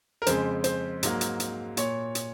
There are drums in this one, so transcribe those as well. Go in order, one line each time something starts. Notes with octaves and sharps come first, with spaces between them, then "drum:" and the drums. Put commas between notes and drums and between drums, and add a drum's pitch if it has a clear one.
A#4
F2 C#3 G#3 C5, drum: hi-hat
C5, drum: hi-hat
G#2 F#3 A#3, drum: hi-hat
drum: hi-hat
drum: hi-hat
A#2 C#5, drum: hi-hat
drum: hi-hat